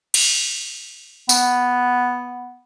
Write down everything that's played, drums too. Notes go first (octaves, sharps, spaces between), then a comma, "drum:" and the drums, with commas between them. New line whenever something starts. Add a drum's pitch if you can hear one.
drum: cymbal
B3, drum: tambourine